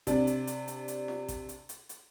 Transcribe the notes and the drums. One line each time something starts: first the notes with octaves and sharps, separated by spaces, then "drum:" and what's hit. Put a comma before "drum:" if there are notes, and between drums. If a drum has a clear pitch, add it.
C3 D4, drum: kick A1, hi-hat
drum: hi-hat
drum: hi-hat
drum: hi-hat
drum: hi-hat
drum: snare
drum: kick A1, hi-hat
drum: hi-hat
drum: hi-hat
drum: hi-hat